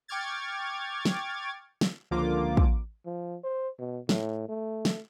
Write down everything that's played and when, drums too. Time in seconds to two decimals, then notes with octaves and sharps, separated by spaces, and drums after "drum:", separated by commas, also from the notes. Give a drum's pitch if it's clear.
0.08 G5 C#6 D6 F6 G#6 A6
1.05 drum: snare
1.81 drum: snare
2.11 C#2 D3 F3 A#3 F4 D6
2.57 drum: kick
3.06 F3
3.44 C5
3.79 B2
4.09 A2, drum: snare
4.48 A3
4.85 drum: snare